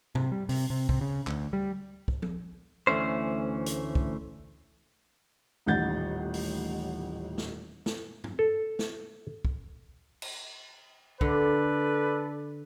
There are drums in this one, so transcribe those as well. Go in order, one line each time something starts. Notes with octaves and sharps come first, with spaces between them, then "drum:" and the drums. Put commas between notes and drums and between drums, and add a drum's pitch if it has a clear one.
C3, drum: tom
G3
C3, drum: open hi-hat
C3
C3, drum: kick
C#3
D2, drum: clap
G3
drum: kick
drum: tom F3
D2 E3 A3 C#4 C5
drum: hi-hat
drum: kick
D#1 A1 D#4 F#5 G6 A6
drum: open hi-hat
drum: snare
drum: snare
drum: tom
A4
drum: snare
drum: kick
drum: cymbal
D3 A4 B4 D5, drum: kick